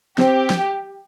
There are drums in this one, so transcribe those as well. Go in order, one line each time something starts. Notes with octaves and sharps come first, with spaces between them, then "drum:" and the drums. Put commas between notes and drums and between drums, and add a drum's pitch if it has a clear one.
C4 G4, drum: snare
drum: snare